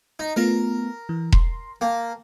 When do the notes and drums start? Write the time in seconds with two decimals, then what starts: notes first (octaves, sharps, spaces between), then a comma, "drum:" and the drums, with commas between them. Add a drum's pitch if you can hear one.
0.19 D#4
0.36 A3 B3 F4 A#4
1.09 E3
1.32 C6, drum: kick E1
1.81 A#3 G5 A5